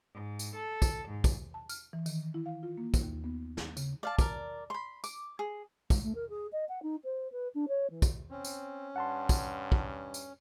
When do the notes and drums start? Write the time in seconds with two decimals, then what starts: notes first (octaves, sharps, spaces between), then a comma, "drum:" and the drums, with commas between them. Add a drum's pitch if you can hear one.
0.13 G#2
0.39 drum: tambourine
0.55 A4
0.82 drum: kick, tambourine
1.08 G#2
1.24 drum: kick, tambourine
1.54 A5
1.69 F6, drum: tambourine
1.93 E3
2.06 D#3, drum: tambourine
2.34 E4
2.46 F5
2.63 F4
2.78 A#3
2.94 drum: kick, tambourine
3.03 D#2
3.24 B3
3.57 drum: snare
3.77 C#3, drum: tambourine
4.03 D5 F5 A5
4.19 A#4 D5, drum: kick, tambourine
4.70 B5 C6
5.04 D6, drum: tambourine
5.39 G#4
5.90 G#3, drum: kick, tambourine
6.03 A3
6.15 A#4
6.29 G#4
6.52 D#5
6.69 F#5
6.83 D#4
7.04 C5
7.32 B4
7.55 D4
7.68 C#5
7.90 E3
8.02 drum: kick, tambourine
8.30 C4 C#4
8.45 drum: tambourine
8.96 G2 F#5 A5 C6
9.29 drum: kick, tambourine
9.72 drum: kick
10.14 drum: tambourine